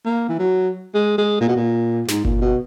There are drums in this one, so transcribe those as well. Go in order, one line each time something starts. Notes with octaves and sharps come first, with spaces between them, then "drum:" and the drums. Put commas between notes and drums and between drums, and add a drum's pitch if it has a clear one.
A#3
E3
F#3
G#3
G#3
A#2
B2
A#2
G#2, drum: snare
A#2, drum: kick G1
B2